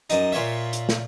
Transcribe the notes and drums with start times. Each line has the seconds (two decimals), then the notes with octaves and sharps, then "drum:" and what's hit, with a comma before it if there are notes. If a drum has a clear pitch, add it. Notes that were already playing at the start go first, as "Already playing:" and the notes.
0.10 F#2 D#4, drum: hi-hat
0.32 A#2 F4 C#5 E5
0.73 drum: hi-hat
0.89 drum: snare